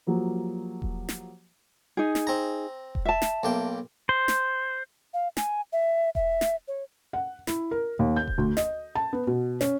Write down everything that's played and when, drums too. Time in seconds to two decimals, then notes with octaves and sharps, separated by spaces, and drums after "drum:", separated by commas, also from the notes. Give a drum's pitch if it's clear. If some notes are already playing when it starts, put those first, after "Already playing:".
0.07 F3 F#3 A#3 G4
0.82 drum: kick E1
1.09 drum: snare
1.97 D#4 G#4
2.15 drum: snare
2.27 C4 A#5
2.95 drum: kick E1
3.05 E5 A5
3.22 drum: snare
3.43 B1 A#3 G5
4.09 C5
4.28 drum: snare
5.14 F5
5.37 G#5, drum: snare
5.72 E5
6.15 E5, drum: kick E1
6.41 drum: snare
6.68 C#5
7.13 F#5
7.47 E4, drum: snare
7.71 A#4
7.99 D#2
8.16 G6
8.27 drum: kick E1
8.38 D2
8.57 D#5, drum: snare
8.95 A5
9.13 B3
9.27 B2
9.61 C#4, drum: snare